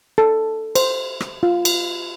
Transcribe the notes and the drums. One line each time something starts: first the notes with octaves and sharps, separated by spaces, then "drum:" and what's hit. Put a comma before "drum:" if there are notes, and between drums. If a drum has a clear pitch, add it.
A4
C5, drum: cymbal
drum: rim click
F4
drum: cymbal